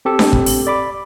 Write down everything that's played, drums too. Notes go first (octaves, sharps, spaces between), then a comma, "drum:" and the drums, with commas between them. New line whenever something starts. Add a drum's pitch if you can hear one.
C4 G4 A4
drum: snare D4
drum: kick
drum: open hi-hat
D5 B5 D6